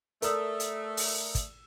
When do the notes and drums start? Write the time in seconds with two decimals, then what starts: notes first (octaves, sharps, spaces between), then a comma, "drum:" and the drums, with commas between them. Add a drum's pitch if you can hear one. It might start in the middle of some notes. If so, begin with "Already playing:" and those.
0.22 A3 A4 A#4 D5 D#6 E6, drum: hi-hat
0.60 drum: hi-hat
0.97 drum: open hi-hat
1.35 drum: kick, hi-hat